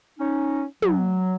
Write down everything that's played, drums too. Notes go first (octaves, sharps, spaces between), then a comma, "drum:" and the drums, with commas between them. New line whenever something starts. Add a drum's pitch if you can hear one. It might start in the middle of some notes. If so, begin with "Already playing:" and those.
C#4 D#4
F#3, drum: tom